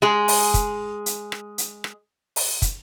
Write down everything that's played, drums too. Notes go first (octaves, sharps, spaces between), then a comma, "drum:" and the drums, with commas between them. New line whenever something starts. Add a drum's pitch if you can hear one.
G#3 G#4
drum: open hi-hat
drum: kick, hi-hat
drum: hi-hat
drum: rim click
drum: hi-hat
drum: rim click
drum: open hi-hat
drum: kick, hi-hat